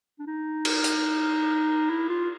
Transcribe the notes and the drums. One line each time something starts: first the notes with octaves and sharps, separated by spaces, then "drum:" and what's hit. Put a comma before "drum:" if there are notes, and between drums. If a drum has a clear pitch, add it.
D4
D#4
drum: cymbal
drum: hi-hat
E4
F4